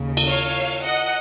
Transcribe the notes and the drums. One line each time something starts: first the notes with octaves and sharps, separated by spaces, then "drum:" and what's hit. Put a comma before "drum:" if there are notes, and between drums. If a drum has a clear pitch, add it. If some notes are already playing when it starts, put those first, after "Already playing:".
Already playing: D#2 C#3
drum: cymbal
C#5 F5
D#5 F#5